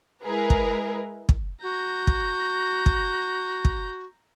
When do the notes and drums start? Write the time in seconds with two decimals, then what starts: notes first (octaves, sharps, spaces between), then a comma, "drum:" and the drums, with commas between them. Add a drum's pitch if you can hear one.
0.24 G#3 E4 G#4 A#4 B4
0.50 drum: kick
1.29 drum: kick
1.62 F#4 A#5 G6
2.07 drum: kick
2.86 drum: kick
3.65 drum: kick